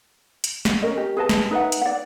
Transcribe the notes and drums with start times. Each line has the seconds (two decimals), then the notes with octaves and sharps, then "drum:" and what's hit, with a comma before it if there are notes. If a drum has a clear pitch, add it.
0.44 drum: hi-hat
0.65 drum: snare
0.82 C#4 A#4 D#5
0.97 G4
1.17 G#4 B4 D#5 A5
1.29 drum: snare
1.51 D#4 B4 E5 F#5
1.72 drum: hi-hat
1.81 D5 F#5